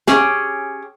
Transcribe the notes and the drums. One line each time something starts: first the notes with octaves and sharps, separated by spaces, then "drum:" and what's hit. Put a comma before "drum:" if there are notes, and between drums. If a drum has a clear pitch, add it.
C#4 G4 G#4, drum: snare